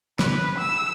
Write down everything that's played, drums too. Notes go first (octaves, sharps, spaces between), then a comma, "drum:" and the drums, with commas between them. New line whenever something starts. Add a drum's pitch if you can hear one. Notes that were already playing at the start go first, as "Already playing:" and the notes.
B4, drum: snare
E6